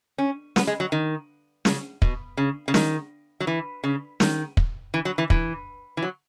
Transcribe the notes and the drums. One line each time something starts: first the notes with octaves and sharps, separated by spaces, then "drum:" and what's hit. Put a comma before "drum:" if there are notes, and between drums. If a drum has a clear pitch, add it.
C#4
B3, drum: snare
G#3
F#3
D#3
C#3, drum: snare
B2, drum: kick
C#3
C#3
D#3, drum: snare
F#3
E3
C#3
D#3, drum: snare
drum: kick
E3
F#3
E3
E3, drum: kick
E3
F#3